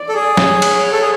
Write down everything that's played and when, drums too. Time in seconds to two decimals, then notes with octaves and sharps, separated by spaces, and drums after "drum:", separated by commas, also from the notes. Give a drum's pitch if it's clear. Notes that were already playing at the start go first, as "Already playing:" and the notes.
Already playing: D5
0.09 A4
0.15 G#4
0.37 C#5, drum: snare
0.62 drum: cymbal
0.92 A4
1.01 G#4